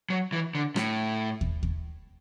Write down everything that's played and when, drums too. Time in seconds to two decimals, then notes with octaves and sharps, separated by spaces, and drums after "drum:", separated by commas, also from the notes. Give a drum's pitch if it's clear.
0.10 F#3
0.32 E3
0.55 D3
0.76 A2, drum: rim click
1.41 drum: kick
1.63 drum: kick